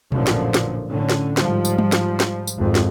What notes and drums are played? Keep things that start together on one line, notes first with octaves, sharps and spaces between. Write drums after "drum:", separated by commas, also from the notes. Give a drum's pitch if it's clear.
A1 F#2 A#2 D3 F3, drum: tom B2
drum: snare
drum: snare
A2 D3 C#4
drum: snare
G#2 F3 G3, drum: snare
drum: tambourine
drum: tom G3
drum: snare
drum: snare
drum: tambourine
G#1 F2
drum: snare